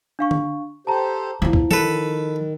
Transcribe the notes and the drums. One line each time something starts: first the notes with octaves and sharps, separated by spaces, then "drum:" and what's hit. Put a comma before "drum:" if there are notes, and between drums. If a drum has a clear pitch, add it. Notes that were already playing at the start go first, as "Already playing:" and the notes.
D4 F5 C#6
drum: tom
G4 A4 C5 A5 A#5
E2 F3 E4
drum: kick C2
D#3 A4 B4, drum: tom E3